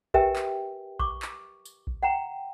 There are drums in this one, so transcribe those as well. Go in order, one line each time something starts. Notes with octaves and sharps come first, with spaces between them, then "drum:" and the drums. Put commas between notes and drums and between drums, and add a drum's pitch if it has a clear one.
G4 A#4 B4 E5 G5 G#5, drum: kick A#1
drum: clap
C#6 D6, drum: kick A#1
drum: clap
drum: tambourine
drum: kick A#1
F#5 G5 A#5